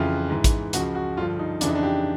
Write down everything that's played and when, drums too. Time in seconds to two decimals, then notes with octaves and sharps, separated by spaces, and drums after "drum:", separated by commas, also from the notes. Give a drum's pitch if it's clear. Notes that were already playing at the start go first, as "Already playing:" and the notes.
Already playing: F2 C#3 E3 F4
0.30 G#2 E3
0.44 drum: kick A1, hi-hat
0.73 C#2 C#3 F3 F#4, drum: hi-hat
0.95 F#4
1.17 G2 D3 F3 F4
1.39 D#4
1.61 F2 C#3 E3 D4, drum: hi-hat
1.69 D#4
1.75 D4
1.83 G4